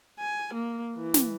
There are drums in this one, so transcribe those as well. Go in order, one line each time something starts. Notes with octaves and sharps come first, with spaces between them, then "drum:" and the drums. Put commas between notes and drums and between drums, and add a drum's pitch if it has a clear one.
G#5
A#3
E3
drum: snare